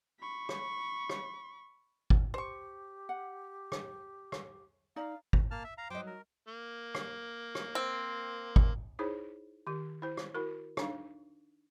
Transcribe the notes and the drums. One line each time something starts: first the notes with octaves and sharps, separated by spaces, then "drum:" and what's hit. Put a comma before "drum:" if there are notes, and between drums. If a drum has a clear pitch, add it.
B5 C#6
drum: rim click
drum: rim click
drum: kick G#1
G4 C5 C#6
F#5
drum: rim click
drum: rim click
D#4 D5 F5 A#5
drum: kick G#1
A#3 A5 F6
E5
F5 A#5
F#3 D#4 C5 G5 D6
A#4
A#3
drum: rim click
drum: rim click
C4
drum: kick G#1
D#4 E4 G#4 C5 C#5
D#3 G4
E4 C5
drum: rim click
E4 F#4 A#4
D4 D#4 F5, drum: rim click